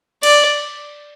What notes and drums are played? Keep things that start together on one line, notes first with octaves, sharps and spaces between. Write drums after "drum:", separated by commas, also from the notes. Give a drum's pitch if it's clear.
D5, drum: cymbal